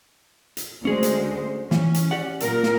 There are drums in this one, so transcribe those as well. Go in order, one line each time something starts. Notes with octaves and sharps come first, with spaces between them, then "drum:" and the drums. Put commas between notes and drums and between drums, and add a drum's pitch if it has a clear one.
drum: hi-hat
D2 G#3 C#4 G#4 C5
drum: hi-hat
E3 C#4, drum: snare
drum: hi-hat
G4 D5 F#5
A#2 A#4, drum: hi-hat
drum: snare